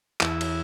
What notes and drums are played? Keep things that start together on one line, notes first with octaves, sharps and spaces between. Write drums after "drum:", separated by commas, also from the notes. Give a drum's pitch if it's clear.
E2 E4, drum: clap
drum: cymbal